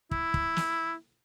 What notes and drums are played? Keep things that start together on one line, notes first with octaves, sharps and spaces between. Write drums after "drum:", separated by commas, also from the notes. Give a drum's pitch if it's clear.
E4, drum: kick
drum: kick
drum: snare